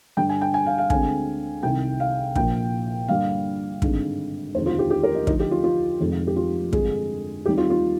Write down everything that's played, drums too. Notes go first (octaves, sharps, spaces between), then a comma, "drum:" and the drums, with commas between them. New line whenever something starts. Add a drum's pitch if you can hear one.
G2 D3 G3 G5
G#5
G5
G#5
F5
F5
D2 D3 G#3 C4 G#5, drum: kick
C2 C3 D#3 G5
F5
A#1 A#2 F3 A#3 G5, drum: kick
G2 D3 G3 A#3 F5
G#1 G2 D3 G#3 C4, drum: kick
F1 D#2 D3 G#3 C4 C5
F4
G4
G4
A#4
D#4
D2 D3 F3 D#4, drum: kick
G4
F4
F4
F1 F2 D#3 G#3 C4
G4
F4
G2 D3 G#3 C4 G#4, drum: kick
D#2 D#3 G3 C4 G4
F4
F4